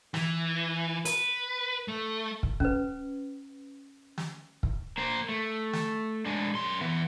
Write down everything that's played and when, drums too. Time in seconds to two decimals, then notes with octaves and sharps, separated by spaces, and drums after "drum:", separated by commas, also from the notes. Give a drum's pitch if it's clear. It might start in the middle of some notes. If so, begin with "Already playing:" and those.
0.14 E3, drum: snare
1.05 B4, drum: hi-hat
1.88 A3
2.43 drum: kick
2.60 C#4 B4, drum: kick
4.18 drum: snare
4.63 drum: kick
4.97 A#3 C5
5.29 A3
5.73 drum: snare
6.26 G#3 D4
6.55 F#2 C6
6.81 E3 B3